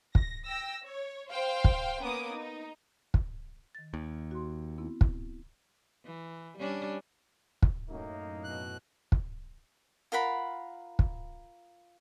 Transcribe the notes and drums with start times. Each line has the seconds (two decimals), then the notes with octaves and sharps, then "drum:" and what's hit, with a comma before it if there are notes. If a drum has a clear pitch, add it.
0.15 A#6, drum: kick
0.44 G5 E6 A#6
0.83 C#5
1.30 C5 F5 G5 C6
1.64 drum: kick
2.02 A#3 B3 C#4 D6 D#6
2.35 D#4
3.14 drum: kick
3.75 D#3 A6
3.94 D#2
4.31 F#4 C6
4.78 B3 C4 E4
5.01 drum: kick
6.05 E3
6.59 G3 C#4 D4
7.62 drum: kick
7.90 F#2 A2 A#3 D#4
8.44 B2 F#6
9.12 drum: kick
10.12 F4 A#4 F#5 B5
10.99 drum: kick